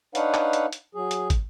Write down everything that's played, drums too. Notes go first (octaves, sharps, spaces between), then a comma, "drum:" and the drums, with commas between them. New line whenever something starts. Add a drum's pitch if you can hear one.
D4 D#4 B4 C#5 F5 F#5, drum: hi-hat
drum: clap
drum: hi-hat
drum: hi-hat
F#3 G#4
drum: hi-hat
drum: kick, hi-hat